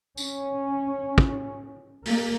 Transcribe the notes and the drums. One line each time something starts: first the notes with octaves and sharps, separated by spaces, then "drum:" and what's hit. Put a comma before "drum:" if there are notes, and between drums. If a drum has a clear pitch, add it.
C#4, drum: tambourine
drum: kick
A#3, drum: open hi-hat